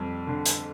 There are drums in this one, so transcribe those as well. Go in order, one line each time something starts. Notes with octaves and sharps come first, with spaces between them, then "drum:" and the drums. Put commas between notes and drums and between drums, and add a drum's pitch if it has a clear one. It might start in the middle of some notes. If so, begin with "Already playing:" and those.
Already playing: F2 G3
D3
drum: hi-hat